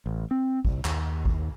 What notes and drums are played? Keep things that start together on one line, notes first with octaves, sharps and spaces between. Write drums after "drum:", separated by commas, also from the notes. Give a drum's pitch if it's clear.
A1
C4
C2, drum: kick G#1
D#2, drum: clap
drum: kick G#1